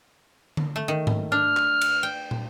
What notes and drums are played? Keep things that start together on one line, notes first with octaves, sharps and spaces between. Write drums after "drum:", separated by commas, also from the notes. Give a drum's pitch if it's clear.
drum: tom D3
A3
D#3
drum: tom G#2
D4 F6
drum: clap
drum: cymbal
G5
drum: tom